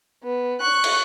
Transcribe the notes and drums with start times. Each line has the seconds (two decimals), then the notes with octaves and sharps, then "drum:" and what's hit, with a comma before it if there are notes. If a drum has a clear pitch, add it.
0.23 B3
0.61 C#6 F#6
0.84 drum: cymbal